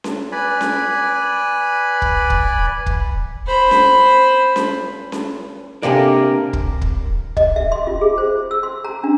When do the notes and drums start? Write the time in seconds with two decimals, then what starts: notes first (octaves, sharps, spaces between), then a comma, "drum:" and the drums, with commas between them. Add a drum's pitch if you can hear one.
0.04 drum: snare C#4
0.32 B4 D5 G#5 B5
0.61 drum: snare C#4
2.02 drum: kick
2.30 drum: kick
2.86 drum: kick
3.47 C5 B5
3.71 drum: snare C#4
4.56 drum: snare C#4
5.12 drum: snare C#4
5.83 C3 A#3 D4 G4 A#4 D5 G#5
6.53 drum: kick
6.82 drum: kick
7.37 D#5, drum: kick
7.56 E5
7.72 C6
7.87 F4
8.01 G#4
8.18 C5
8.51 E6
8.63 C6
8.85 A#5
9.04 D4